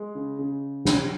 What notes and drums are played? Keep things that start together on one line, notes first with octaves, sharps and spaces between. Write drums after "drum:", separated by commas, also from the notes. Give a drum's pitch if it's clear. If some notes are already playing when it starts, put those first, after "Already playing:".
Already playing: G#3
C#3
C#3
drum: snare